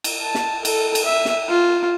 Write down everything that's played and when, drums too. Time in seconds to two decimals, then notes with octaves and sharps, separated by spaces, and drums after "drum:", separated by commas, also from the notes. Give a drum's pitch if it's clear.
0.04 drum: cymbal
0.23 A5
0.35 drum: snare
0.65 A4, drum: cymbal
0.95 drum: cymbal
1.05 E5
1.25 drum: snare
1.48 F4